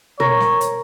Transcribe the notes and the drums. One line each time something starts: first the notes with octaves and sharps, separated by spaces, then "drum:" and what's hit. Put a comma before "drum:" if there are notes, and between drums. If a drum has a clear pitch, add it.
A#4 C#5, drum: tom
drum: snare
drum: hi-hat